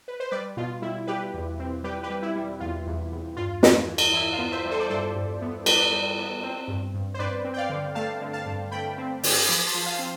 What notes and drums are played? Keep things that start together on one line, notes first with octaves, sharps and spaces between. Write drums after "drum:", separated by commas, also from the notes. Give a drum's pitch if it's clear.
B4
C5
G3 B4 D5
B2 F4
G3 E4
G3 G4 B4
E2
C4
G3 G4 B4
G4 B4
G3
E4
G3
E2 F4
E2
E2
G2 F4
E3, drum: snare
E3
drum: cymbal
E3 E4
F4
B3
C5 E5
G3
A4 C5
D5
G2 A4 C5
G2
B3
G3 B4 D5, drum: cymbal
G3
B3
C4
G2
G2
C5
G2 B4 D5
C4
G5
D5 F5
D3
A3 F5 A5
D3
F5 A5
G2
A3 G5 B5
C4
D3, drum: open hi-hat
F3 B5 D6
A5 C6
F3
F5 A5
C4